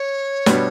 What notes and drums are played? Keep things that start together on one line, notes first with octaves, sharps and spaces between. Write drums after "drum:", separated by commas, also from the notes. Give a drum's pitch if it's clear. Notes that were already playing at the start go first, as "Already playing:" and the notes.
Already playing: C#5
B2 G3 B3 D4, drum: snare